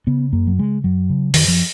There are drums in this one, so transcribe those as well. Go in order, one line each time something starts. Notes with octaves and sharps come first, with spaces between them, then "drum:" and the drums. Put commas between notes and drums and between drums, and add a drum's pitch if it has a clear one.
C#3 B3
F#2 A#3
F#3
C#3 G#3
F#2 F#3
C#3
F#2 D#3, drum: open hi-hat
F3